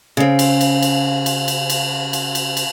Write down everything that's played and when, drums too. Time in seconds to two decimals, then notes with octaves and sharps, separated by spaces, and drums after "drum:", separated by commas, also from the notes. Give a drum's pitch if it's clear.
0.17 C#3 C4
0.39 drum: cymbal
0.61 drum: cymbal
0.82 drum: cymbal
1.26 drum: cymbal
1.48 drum: cymbal
1.70 drum: cymbal
2.13 drum: cymbal
2.35 drum: cymbal
2.57 drum: cymbal